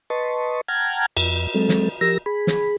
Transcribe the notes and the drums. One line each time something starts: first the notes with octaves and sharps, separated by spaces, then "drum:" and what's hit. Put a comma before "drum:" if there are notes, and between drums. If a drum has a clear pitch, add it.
B4 D#5 A5 C6 C#6
F#5 G5 A5 A#5 F6 G#6
F2, drum: cymbal
F#3 G#3 C4 A4
drum: snare
F3 G4 A#4 E6 A#6
G#4 B5
drum: snare